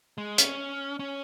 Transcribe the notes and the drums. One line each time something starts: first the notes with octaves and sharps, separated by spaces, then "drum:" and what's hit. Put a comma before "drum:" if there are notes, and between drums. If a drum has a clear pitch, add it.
G#3
C#4, drum: hi-hat
C#4